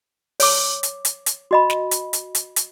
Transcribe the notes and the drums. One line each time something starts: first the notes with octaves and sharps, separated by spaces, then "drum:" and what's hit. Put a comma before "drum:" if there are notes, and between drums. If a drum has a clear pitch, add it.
C#5 D6, drum: open hi-hat
drum: hi-hat
drum: hi-hat
drum: hi-hat
F#4 D#5 B5
drum: snare
drum: hi-hat
drum: hi-hat
drum: hi-hat
drum: hi-hat